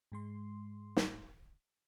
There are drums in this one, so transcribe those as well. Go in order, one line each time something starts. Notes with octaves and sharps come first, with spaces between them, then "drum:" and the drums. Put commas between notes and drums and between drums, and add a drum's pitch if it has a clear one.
G#2 G#3 C6
drum: snare